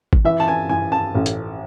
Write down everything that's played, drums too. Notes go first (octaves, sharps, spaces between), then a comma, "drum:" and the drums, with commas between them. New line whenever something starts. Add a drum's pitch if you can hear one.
drum: kick
E3 E5
A5
G#5
E3 G#5
A5
A1
drum: hi-hat